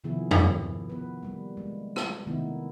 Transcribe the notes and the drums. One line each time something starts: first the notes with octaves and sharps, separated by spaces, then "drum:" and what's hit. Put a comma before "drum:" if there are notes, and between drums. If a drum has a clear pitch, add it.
C3 D#3 F3 B3 E4 G#4
drum: tom E2
B3 B4
G3 A#3
G#3
drum: rim click
C3 D#3 A3 B3 D#4 E4